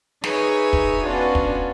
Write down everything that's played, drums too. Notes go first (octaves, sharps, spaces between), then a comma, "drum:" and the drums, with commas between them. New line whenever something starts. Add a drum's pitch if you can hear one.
D#4 G#4 B4 C#5 E5, drum: snare
drum: kick
B3 C#4 D4 F4 F#4
drum: kick